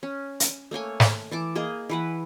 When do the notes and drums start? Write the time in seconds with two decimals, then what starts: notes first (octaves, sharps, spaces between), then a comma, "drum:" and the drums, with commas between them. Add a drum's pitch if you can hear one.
0.03 C#4
0.40 drum: hi-hat
0.71 A3 A#3 C#5 G#5
1.00 drum: snare
1.31 E3 A5 D6
1.55 A#3 G#4 D#5
1.89 E3 B4 F#5